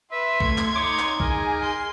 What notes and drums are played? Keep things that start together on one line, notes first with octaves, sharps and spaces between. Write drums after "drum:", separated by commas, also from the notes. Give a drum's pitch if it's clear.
B4 E5 C6
A3 G#6, drum: kick
drum: clap
D#4 C#5 D6
drum: clap
G#4 A#4 G#5, drum: kick
C6